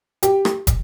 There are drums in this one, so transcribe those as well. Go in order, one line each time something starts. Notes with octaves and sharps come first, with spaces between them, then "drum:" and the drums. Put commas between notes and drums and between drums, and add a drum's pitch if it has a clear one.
G4, drum: hi-hat
drum: rim click
drum: kick, hi-hat